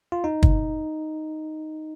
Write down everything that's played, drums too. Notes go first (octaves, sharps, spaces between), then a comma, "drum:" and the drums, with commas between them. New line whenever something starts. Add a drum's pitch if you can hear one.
F4
D#4
drum: kick